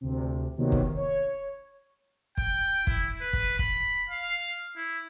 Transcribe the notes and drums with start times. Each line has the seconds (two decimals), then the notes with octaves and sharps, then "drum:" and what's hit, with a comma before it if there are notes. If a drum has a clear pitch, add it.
0.01 D2 C3
0.57 C3 D#3 F#3 A#3 B3
0.72 drum: kick
0.96 C#5
2.38 G5, drum: kick
2.87 E4, drum: kick
3.21 B4
3.33 drum: kick
3.59 B5, drum: kick
4.10 F5
4.76 E4